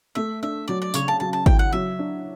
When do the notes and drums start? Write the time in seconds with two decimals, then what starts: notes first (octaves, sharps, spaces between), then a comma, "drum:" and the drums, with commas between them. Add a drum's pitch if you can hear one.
0.15 A3 E5
0.43 D4 E5
0.68 F#3 D5
0.82 D5
0.94 C#3 C#5, drum: tambourine
1.08 A5
1.20 F#3 A5
1.33 A5
1.46 E4 G5, drum: kick
1.59 F#5
1.72 F#3 E5
1.99 D4